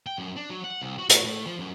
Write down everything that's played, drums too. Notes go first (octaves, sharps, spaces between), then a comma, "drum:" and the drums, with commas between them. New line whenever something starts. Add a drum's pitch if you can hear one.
G5
F#2
D4
F#3
F#5
C2
F#4
A2, drum: hi-hat
A2
F3
F#2